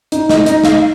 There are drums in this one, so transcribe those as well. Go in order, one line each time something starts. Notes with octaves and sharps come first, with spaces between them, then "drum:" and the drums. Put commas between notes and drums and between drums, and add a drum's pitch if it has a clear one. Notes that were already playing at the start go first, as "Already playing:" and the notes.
D#4, drum: hi-hat
D#5, drum: snare
D#4 D#5, drum: hi-hat
F5, drum: snare